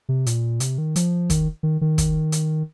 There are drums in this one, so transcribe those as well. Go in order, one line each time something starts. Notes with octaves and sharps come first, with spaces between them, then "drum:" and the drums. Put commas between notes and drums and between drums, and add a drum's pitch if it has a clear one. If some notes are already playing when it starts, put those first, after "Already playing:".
C3
A#2, drum: hi-hat
C3, drum: hi-hat
D#3
F3, drum: hi-hat
D#3, drum: kick, hi-hat
D#3
D#3
drum: kick, hi-hat
drum: hi-hat